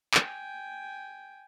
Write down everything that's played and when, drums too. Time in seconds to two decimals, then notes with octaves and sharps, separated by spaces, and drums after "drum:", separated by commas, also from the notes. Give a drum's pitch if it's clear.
0.14 G5 G#5, drum: clap